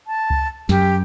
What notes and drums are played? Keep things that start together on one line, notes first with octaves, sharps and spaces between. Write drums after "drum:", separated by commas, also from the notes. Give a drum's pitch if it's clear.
A5
drum: kick C#2
F#2 G4, drum: snare